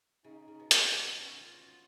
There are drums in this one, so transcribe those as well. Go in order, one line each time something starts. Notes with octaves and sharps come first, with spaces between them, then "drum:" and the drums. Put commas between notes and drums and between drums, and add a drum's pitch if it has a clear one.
C#3 D#4
C#3
B2
drum: hi-hat
B3
C#4
D#4
F4
F#4
F4